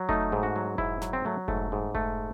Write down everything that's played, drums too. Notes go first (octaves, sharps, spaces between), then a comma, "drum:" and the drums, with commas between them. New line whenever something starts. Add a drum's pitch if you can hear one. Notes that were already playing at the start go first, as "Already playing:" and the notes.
Already playing: F#3
A3 D#4, drum: kick F1
G#2
F#4
F#3
G#2 E4, drum: kick F1
F#3, drum: snare
C4
F#3 A3
G#2 A3, drum: kick F1
G#2
A3, drum: kick F1